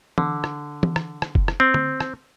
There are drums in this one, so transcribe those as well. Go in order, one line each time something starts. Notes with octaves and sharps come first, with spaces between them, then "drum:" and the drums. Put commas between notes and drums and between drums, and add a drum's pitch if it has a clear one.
D3, drum: tom E3
drum: rim click
drum: tom E3
drum: rim click
drum: rim click
drum: kick F1
drum: rim click
C4
drum: tom D3
drum: rim click